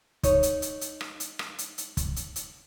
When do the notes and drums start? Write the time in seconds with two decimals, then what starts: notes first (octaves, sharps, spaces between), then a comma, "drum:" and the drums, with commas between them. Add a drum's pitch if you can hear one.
0.23 D#4 C#5, drum: kick, hi-hat
0.43 drum: hi-hat
0.62 drum: hi-hat
0.81 drum: hi-hat
1.01 drum: rim click
1.20 drum: hi-hat
1.39 drum: rim click
1.58 drum: hi-hat
1.78 drum: hi-hat
1.97 drum: kick, hi-hat
2.16 drum: hi-hat
2.36 drum: hi-hat